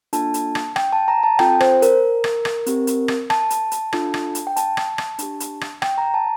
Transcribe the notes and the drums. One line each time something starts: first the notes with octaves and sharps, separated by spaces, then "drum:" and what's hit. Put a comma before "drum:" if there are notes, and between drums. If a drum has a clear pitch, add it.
A#3 D4 F4 A4 A5, drum: hi-hat
drum: hi-hat
drum: rim click
G5, drum: rim click
A5
A#5
A5
C4 F4 A4 G5, drum: rim click
C5, drum: rim click
A#4, drum: hi-hat
drum: rim click
drum: rim click
C4 G4, drum: hi-hat
drum: hi-hat
drum: rim click
A5, drum: rim click
drum: hi-hat
drum: hi-hat
D4 F4 A4, drum: rim click
drum: rim click
drum: hi-hat
G5
A5, drum: hi-hat
drum: rim click
drum: rim click
D4 G4, drum: hi-hat
drum: hi-hat
drum: rim click
G5, drum: rim click
A#5
A5